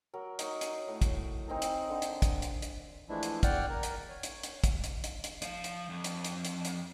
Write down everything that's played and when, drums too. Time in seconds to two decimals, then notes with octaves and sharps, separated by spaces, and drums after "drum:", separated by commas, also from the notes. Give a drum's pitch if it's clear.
0.14 F#3 A#4
0.39 D#4 C#5, drum: hi-hat
0.61 drum: hi-hat
0.88 A2
1.01 drum: kick, hi-hat
1.48 C4 D#4 G#4 A#4
1.62 drum: hi-hat
1.90 D3
2.02 drum: hi-hat
2.22 drum: kick, hi-hat
2.42 drum: hi-hat
2.62 drum: hi-hat
3.09 E3 F3 G#3 A3 D4 E4
3.23 drum: hi-hat
3.43 E2 D5 F#5 G5 F6, drum: kick, hi-hat
3.69 A#4
3.83 drum: hi-hat
4.09 C#5
4.23 drum: hi-hat
4.43 drum: hi-hat
4.64 drum: kick, hi-hat
4.84 drum: hi-hat
5.04 drum: hi-hat
5.24 drum: hi-hat
5.42 F3 F5, drum: hi-hat
5.64 drum: hi-hat
5.89 F2
6.04 drum: hi-hat
6.24 drum: hi-hat
6.45 drum: hi-hat
6.65 drum: hi-hat